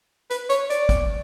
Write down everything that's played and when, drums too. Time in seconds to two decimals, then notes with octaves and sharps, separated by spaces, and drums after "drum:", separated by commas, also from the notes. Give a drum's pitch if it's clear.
0.30 B4, drum: hi-hat
0.50 C#5, drum: hi-hat
0.70 D5, drum: hi-hat
0.89 drum: kick, hi-hat